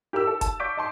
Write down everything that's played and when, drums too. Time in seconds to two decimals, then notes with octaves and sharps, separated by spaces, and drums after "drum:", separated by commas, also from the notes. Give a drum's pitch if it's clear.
0.13 G4 A#4 G5 E6
0.27 A4
0.41 A5, drum: kick F#1, hi-hat
0.60 D5 C#6 D6 G6 B6 D7
0.77 D#5 A5 C6